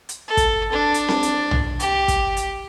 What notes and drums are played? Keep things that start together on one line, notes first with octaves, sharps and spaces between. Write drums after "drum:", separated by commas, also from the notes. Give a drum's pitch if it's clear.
drum: hi-hat
A4
drum: kick, hi-hat
D4
drum: hi-hat
drum: snare C4
drum: hi-hat
drum: tom
G4, drum: hi-hat
drum: kick, hi-hat
drum: hi-hat